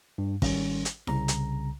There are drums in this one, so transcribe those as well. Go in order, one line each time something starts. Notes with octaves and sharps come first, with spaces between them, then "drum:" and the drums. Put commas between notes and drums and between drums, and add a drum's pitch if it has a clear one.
G2
G#1 D#3 G3 C#4, drum: kick, open hi-hat
drum: hi-hat
C2 C#3 A#5, drum: snare E4
drum: hi-hat